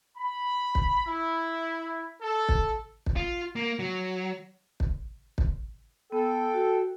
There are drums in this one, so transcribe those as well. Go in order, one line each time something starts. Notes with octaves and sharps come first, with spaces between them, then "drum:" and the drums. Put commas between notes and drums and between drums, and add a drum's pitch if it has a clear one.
B5
drum: kick
E4
A4
drum: kick
drum: kick
F4
A#3
F#3
drum: kick
drum: kick
B3 A4 G5
F#4